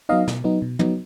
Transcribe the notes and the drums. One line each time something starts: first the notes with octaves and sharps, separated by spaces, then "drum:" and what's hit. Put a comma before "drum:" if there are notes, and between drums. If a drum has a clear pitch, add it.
F#3 B3 D#4 D#5 F5
B2, drum: snare
F#3 B3 D#4
B2
F#3 B3 D#4, drum: tom